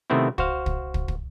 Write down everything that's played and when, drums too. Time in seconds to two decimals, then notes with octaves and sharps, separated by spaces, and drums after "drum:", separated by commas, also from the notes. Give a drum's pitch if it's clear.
0.10 C3 D#3 A3 B3 C4 E4
0.38 F#4 C5 F5, drum: kick
0.66 drum: kick
0.94 drum: kick
1.08 drum: kick